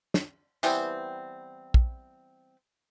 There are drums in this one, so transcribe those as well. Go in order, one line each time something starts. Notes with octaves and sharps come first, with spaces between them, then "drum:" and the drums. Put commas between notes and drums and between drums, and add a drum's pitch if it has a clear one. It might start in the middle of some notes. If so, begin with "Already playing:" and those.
drum: snare
E3 G3 B3 C4, drum: tambourine
drum: kick